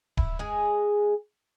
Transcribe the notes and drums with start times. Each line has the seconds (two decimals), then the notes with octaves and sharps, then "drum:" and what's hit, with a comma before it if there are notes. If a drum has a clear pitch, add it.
0.17 E4, drum: kick D1
0.39 G#3 G#4